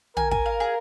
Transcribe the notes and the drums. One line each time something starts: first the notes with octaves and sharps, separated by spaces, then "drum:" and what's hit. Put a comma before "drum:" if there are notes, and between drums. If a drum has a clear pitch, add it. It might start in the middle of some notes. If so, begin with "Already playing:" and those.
A#4 G#5, drum: tom
G#5, drum: kick
F5
G#4